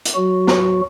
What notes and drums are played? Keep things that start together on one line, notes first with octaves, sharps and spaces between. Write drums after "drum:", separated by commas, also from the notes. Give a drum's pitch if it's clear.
drum: hi-hat
F#3 F#4
drum: snare